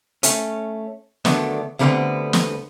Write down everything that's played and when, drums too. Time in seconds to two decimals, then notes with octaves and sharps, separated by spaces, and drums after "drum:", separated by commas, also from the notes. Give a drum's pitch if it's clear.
0.23 A3 C#4, drum: hi-hat
1.25 D3 D#3 F#3 A3 B3 D4, drum: snare
1.79 D2 D3 G3 A3 B3 C4
2.33 drum: snare